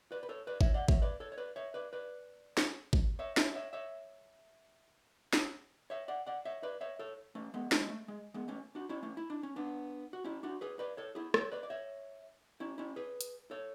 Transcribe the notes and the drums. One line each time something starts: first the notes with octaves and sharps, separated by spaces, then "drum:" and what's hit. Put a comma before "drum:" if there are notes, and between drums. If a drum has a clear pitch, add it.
B4 D5
B4
A4 C#5
B4 D5
C#5 E5, drum: kick G#1
D5 F#5
C#5 E5, drum: kick G#1
B4 D5
A4 C#5
C#5
B4 D5
C#5 E5
B4 D5
B4 D5
drum: snare
drum: kick G#1
C#5 E5
C#5 E5, drum: snare
C#5 E5
C#5 E5
drum: snare
C#5 E5
D5 F#5
D5 F#5
C#5 E5
B4 D5
C#5 E5
A4 C#5
A3 C#4
G#3 B3
A3, drum: snare
G#3
A3
G#3
G#3 B3
A3 C#4
D4 F#4
C#4 E4
A3 C#4
E4
D4
C#4
B3 D4
F#4
C#4 E4
D4 F#4
G#4 B4
B4 D5
A4 C#5
E4 G#4
A4 C#5, drum: rim click
B4 D5
D5
C#5 E5
C#4 E4
C#4 E4
G#4 B4
drum: hi-hat
A4 C#5